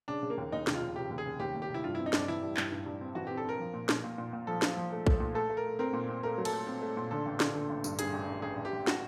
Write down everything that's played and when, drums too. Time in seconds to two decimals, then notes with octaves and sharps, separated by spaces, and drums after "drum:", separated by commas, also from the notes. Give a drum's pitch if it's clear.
0.08 C#3 D4
0.23 C#3
0.30 A#3
0.37 D#2
0.52 D#2 D#4
0.67 F1, drum: snare
0.74 F4
0.82 F1
0.96 F1 G4
1.10 D#2
1.18 G#4
1.26 C#3
1.39 D#2 G4
1.54 D#2
1.62 G4
1.69 F1
1.74 E4
1.84 G2 F4
1.95 C4 E4
2.06 D#4
2.13 G2 D4, drum: snare
2.28 E3 E4
2.42 G3
2.57 G2, drum: clap
2.71 G2
2.86 G2
3.01 C4
3.15 E3 F#4
3.27 C4 G4
3.37 A4
3.45 C4 A#4
3.60 F3
3.74 A#2
3.89 A#2, drum: snare
4.04 A#2
4.18 A#2
4.33 A#2
4.47 F3 A4
4.62 F3, drum: snare
4.77 F3
4.92 A3
5.07 A3, drum: kick A#1
5.20 A#2
5.35 A3 A4
5.49 A3
5.57 A#4
5.65 A3
5.79 C4 A#4
5.93 A#2
6.09 C4
6.23 A3 A#4
6.38 F#3
6.45 A4, drum: cymbal
6.52 A3
6.67 C4
6.82 A3
6.97 A#2
7.11 D3 A4
7.26 A1
7.40 D3, drum: snare
7.55 D3
7.70 A1
7.84 G2, drum: tambourine
7.99 G2 G#4, drum: hi-hat
8.13 A1
8.28 A1
8.42 A1 G#4
8.57 A1
8.65 G4
8.73 A1
8.87 F#4, drum: snare